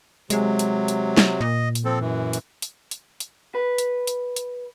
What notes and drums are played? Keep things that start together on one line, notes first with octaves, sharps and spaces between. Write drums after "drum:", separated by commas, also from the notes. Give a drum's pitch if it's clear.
C3 F#3 G#3, drum: hi-hat
drum: hi-hat
drum: hi-hat
drum: snare
A#2 D#5
drum: hi-hat
F3 C4 A4
F#2 E3
drum: hi-hat
drum: hi-hat
drum: hi-hat
drum: hi-hat
B4
drum: hi-hat
drum: hi-hat
drum: hi-hat